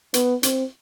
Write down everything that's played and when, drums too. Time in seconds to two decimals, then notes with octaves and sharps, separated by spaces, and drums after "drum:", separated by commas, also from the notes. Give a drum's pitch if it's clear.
0.14 B3, drum: hi-hat
0.43 C4, drum: hi-hat